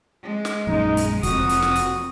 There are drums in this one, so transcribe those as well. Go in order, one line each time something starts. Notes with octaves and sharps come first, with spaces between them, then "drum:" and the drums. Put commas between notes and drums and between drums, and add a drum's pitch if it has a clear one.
G#3
drum: snare
A#1 F#2 D#4
drum: hi-hat
F1 F2 F#4 D#6, drum: kick, hi-hat
drum: hi-hat
drum: snare
drum: hi-hat